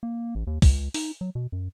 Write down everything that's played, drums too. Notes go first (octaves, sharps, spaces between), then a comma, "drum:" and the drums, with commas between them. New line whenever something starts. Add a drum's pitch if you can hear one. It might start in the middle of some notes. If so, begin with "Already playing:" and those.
A#3
A1
D#2
C#2, drum: kick, open hi-hat
D#4, drum: open hi-hat
F#3
B2
F#2